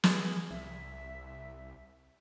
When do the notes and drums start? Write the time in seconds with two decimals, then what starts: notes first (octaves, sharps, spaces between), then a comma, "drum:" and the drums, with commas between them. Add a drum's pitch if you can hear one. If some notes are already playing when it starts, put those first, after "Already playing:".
0.04 G#4, drum: snare
0.51 C2 E5